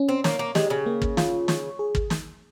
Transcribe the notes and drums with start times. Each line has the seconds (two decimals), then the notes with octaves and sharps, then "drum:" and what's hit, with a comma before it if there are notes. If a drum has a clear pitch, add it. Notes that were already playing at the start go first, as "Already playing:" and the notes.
Already playing: C#4
0.09 C4
0.24 A#3 C#5, drum: snare
0.39 A#3
0.55 G#3 G4, drum: snare
0.70 C#3
0.86 A#3
1.02 drum: kick
1.17 F4, drum: snare
1.48 C#5, drum: snare
1.79 G#4
1.95 drum: kick
2.10 drum: snare